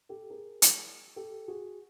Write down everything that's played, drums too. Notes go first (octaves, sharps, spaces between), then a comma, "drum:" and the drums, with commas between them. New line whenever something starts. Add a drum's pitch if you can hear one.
G4 A4
G#4 A#4
drum: hi-hat
G4 A4
F#4 G#4